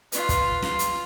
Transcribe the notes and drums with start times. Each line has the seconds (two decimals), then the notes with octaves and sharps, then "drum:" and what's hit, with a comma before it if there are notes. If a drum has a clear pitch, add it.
0.12 F4 B4, drum: hi-hat
0.29 drum: kick, hi-hat
0.62 F4, drum: snare
0.79 drum: hi-hat